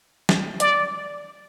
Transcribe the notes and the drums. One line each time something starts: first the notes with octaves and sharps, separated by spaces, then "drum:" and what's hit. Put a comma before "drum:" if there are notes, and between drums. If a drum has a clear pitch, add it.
drum: snare
D5, drum: hi-hat